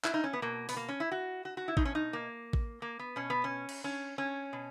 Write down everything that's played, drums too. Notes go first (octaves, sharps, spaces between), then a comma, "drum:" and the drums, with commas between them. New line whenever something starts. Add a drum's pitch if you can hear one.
E4, drum: clap
D#4
C#4
B3
B2 A#3
B3, drum: open hi-hat
A#3
C#4
E4
F#4
F#4
F#4
E4
B2 D#4, drum: kick A1
C#4
D#4
A#3
drum: kick A1
A#3
B3
B2 C#4
B3
C#4
drum: cymbal
C#4
C#4
B2